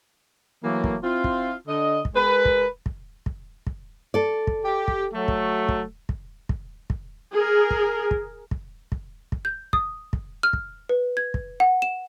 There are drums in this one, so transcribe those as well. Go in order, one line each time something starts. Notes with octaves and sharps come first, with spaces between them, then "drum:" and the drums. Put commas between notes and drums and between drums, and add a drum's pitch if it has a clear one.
E3 F#3 A3 A#3
drum: kick
C4 E4 F4
drum: kick
D3 D#5
drum: kick
G#3 A#4 B4
drum: kick
drum: kick
drum: kick
drum: kick
A4 D5
drum: kick
G4
drum: kick
F#3 A3
drum: kick
drum: kick
drum: kick
drum: kick
drum: kick
G#4 A#4
drum: kick
drum: kick
drum: kick
drum: kick
drum: kick
G6
D#6, drum: kick
drum: kick
F6
drum: kick
B4
G#6
drum: kick
F#5
E7